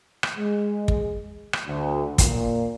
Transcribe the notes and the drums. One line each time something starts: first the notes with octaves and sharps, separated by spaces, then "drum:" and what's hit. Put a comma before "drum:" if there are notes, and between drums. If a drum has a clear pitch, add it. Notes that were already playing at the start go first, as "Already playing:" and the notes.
drum: rim click
G#3
drum: kick
drum: rim click
D2
A#2, drum: kick, hi-hat